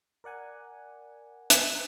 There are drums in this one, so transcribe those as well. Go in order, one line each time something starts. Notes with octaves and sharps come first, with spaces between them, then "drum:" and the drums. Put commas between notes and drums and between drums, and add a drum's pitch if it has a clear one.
A#4 D5 F#5 G#5
drum: hi-hat